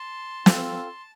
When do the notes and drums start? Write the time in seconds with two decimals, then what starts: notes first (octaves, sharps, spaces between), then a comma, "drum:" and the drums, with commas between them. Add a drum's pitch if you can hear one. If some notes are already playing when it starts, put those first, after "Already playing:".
Already playing: A5 C6
0.46 C4 F4 A4, drum: snare